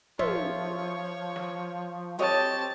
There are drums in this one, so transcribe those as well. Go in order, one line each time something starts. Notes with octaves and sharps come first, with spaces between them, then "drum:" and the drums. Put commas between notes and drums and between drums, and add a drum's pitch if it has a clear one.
F3 F4 C#5 E5, drum: tom
drum: snare
C4 G4 A4 C#5 D#5 A5, drum: hi-hat